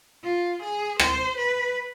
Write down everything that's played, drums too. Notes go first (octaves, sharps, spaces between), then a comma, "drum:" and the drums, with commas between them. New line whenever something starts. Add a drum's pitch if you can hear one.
F4
G#4
C5, drum: rim click
B4